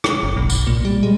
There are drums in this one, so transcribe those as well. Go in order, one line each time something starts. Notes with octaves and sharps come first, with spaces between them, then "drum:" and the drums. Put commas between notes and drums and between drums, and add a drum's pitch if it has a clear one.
drum: rim click
G1
B1
B1, drum: tambourine
A#2
G3
G#3